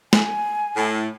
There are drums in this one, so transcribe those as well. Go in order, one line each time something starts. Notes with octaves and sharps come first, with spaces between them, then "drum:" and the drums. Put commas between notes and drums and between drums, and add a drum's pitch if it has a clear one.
G#5, drum: snare
A2